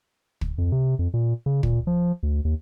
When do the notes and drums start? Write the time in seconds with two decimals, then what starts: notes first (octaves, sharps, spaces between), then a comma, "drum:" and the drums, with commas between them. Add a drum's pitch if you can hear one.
0.41 drum: kick
0.58 F2
0.72 C3
0.99 F2
1.14 A#2
1.46 C#3
1.63 A#2, drum: kick
1.87 F3
2.23 D2
2.45 D#2